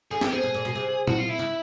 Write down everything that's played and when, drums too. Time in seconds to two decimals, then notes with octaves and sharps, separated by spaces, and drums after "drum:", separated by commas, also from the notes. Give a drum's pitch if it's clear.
0.11 D3 G#4
0.21 E3 G4, drum: snare
0.30 F3 G#4
0.43 B2
0.54 A#2
0.65 B2
0.75 C3
1.08 F#4, drum: tom
1.18 F4
1.29 E4
1.39 C#3